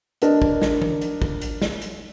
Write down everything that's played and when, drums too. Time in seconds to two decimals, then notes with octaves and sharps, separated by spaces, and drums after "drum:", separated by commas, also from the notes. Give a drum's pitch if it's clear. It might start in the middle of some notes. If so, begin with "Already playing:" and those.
0.22 D4 A#4 D#5, drum: hi-hat
0.42 drum: kick
0.62 drum: snare
0.82 drum: tom E3
1.02 drum: hi-hat
1.22 drum: kick
1.42 drum: hi-hat
1.62 drum: snare
1.82 drum: hi-hat